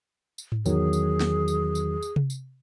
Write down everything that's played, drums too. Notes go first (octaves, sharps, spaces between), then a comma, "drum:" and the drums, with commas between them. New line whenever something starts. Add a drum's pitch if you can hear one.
drum: tambourine
drum: tom G#2
E2 D#3 F#3 G#4, drum: tambourine
drum: tambourine
drum: snare
drum: tambourine
drum: tambourine
drum: tambourine
drum: tom C3
drum: tambourine